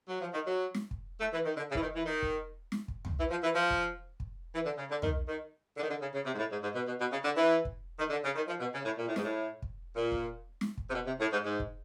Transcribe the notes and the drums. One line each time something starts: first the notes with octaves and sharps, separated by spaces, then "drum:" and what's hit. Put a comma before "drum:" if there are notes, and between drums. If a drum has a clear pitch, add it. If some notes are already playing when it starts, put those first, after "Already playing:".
F#3
F3
D#3
F#3
drum: snare
drum: kick
A3
E3
D#3
D3
C#3
E3, drum: kick
D#3
E3
D#3
drum: kick
drum: snare
drum: kick
drum: tom
E3
F3
E3
F3
drum: kick
drum: kick
E3
D3
C#3
D3
D#3, drum: tom
D#3
D3
D#3
D3
C#3
C#3
C3
G#2
A2
G#2
G#2
B2
B2
B2
C#3
D3
E3
drum: kick
D#3
D3
C#3
D#3
F3
B2
C#3
A2
A#2
A2
G#2, drum: snare
A2
drum: kick
A#2
drum: kick
drum: snare
drum: kick
C3
B2
C3
A2
G#2
G#2
drum: kick